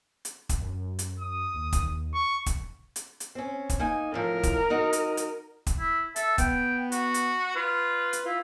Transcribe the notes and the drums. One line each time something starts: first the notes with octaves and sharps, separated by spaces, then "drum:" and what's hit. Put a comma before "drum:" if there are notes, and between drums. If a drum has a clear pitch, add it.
drum: hi-hat
drum: kick, hi-hat
F#2
drum: hi-hat
D#6
D#2
drum: kick, hi-hat
C#6
drum: kick, hi-hat
drum: hi-hat
drum: hi-hat
C4 C#4
drum: kick, hi-hat
A#3 D#4 G#5
A2 F3 A#4
drum: kick, hi-hat
D#4 F#4 D#5
drum: hi-hat
drum: hi-hat
drum: kick, hi-hat
E4
A4 E5, drum: hi-hat
B3 G5, drum: kick, hi-hat
F#4, drum: hi-hat
drum: hi-hat
F4 B4
drum: hi-hat
E4 F4